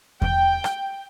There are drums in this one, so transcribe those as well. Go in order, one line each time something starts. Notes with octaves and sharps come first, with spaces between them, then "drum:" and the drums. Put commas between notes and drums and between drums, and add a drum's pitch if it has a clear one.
G5, drum: kick E2
drum: rim click